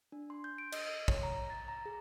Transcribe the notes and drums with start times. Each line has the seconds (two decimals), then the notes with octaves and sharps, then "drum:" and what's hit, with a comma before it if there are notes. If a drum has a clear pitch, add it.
0.12 D4
0.30 C6
0.44 G6
0.58 D7
0.72 D#5, drum: cymbal
1.08 C#5, drum: kick
1.23 A#5
1.50 A6
1.68 A#5
1.86 G#4